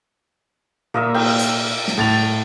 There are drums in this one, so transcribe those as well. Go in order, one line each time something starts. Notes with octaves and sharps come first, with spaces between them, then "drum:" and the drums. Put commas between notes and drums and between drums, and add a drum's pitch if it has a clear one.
A#2 A#3 D#5 E5
E5 G5, drum: cymbal
drum: hi-hat
drum: snare
A2 A6 F7